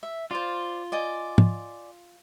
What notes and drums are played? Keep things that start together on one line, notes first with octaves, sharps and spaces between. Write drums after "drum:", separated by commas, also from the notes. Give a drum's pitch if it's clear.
E5
F4 C5 D5
D5 D#5 G#5
drum: tom